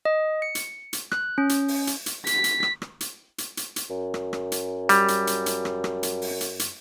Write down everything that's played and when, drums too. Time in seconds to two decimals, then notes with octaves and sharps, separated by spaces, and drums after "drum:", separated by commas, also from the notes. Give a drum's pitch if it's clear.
0.05 D#5
0.42 C#7
0.55 drum: hi-hat
0.93 drum: hi-hat
1.12 F#6, drum: rim click
1.38 C#4
1.49 drum: hi-hat
1.68 drum: open hi-hat
1.87 drum: hi-hat
2.06 drum: hi-hat
2.27 B6, drum: hi-hat
2.44 drum: hi-hat
2.63 drum: rim click
2.82 drum: rim click
3.01 drum: hi-hat
3.38 drum: hi-hat
3.57 drum: hi-hat
3.76 drum: hi-hat
3.90 F#2
4.14 drum: rim click
4.33 drum: rim click
4.52 drum: hi-hat
4.89 G3, drum: hi-hat
5.08 drum: hi-hat
5.27 drum: hi-hat
5.46 drum: hi-hat
5.65 drum: rim click
5.84 drum: rim click
6.03 drum: hi-hat
6.22 drum: open hi-hat
6.41 drum: hi-hat
6.59 drum: hi-hat